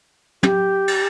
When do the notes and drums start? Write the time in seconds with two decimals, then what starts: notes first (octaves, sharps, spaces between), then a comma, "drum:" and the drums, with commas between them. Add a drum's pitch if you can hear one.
0.43 G4, drum: tom
0.88 drum: cymbal